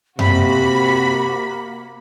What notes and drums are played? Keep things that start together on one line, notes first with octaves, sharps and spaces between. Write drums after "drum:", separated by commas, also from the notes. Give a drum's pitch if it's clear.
C3 A#3 F#4 B5, drum: tom F#2